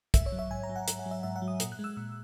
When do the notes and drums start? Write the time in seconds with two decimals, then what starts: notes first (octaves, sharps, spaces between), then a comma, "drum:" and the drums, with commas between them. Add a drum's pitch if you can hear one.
0.14 G#2 E5, drum: kick, hi-hat
0.26 C#5
0.32 F#3
0.39 E5
0.51 G#2 G#5
0.63 A#5
0.69 F#3
0.76 F#5
0.88 G#2, drum: hi-hat
0.99 F#5
1.06 F#3
1.11 E5
1.23 G#2 E5
1.36 F#5
1.42 F#3
1.48 D#6
1.60 A#2, drum: hi-hat
1.72 F#6
1.79 G#3
1.84 E6
1.97 A#2 E6